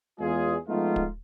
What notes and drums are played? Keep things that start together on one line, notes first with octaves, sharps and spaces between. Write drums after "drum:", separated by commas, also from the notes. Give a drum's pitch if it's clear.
E2 G#3 F4 G#4
F3 G#3 A3 B3 D#4 F4
drum: kick